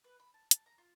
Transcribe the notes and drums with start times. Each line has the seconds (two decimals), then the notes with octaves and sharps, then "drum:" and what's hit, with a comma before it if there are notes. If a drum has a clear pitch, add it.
0.04 B4
0.20 B5
0.34 A5
0.51 A5, drum: hi-hat
0.66 A#5
0.78 F4